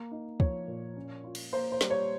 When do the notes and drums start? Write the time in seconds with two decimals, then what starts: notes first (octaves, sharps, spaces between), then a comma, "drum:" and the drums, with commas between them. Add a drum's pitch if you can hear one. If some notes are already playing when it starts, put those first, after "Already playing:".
Already playing: A#3
0.11 D#4
0.40 F3 C#5, drum: kick
0.68 A#2
0.96 C#4
1.24 F4
1.35 drum: cymbal
1.52 A#3 C5
1.72 C5
1.81 G3, drum: snare
1.90 C#5